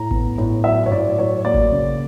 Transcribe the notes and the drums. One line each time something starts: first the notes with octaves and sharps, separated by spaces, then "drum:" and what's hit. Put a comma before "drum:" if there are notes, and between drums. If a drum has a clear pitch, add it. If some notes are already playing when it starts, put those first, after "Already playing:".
Already playing: A2 A#5
B3, drum: kick G#1
A2
F#3 E5
C#5
A2 D5
F#3 C#5
A#3 D5
drum: kick G#1
C#3